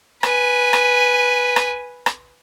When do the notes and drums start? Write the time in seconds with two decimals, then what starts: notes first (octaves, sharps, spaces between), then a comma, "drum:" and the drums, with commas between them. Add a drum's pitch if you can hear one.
0.23 B4 G#5, drum: rim click
0.73 drum: rim click
1.56 drum: rim click
2.06 drum: rim click